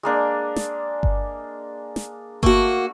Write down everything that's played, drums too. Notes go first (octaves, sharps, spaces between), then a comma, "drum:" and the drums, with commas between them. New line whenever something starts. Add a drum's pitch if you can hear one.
G#3 A#3 D4
drum: snare
drum: kick G1
drum: snare
A3 A#3 F#4, drum: kick G1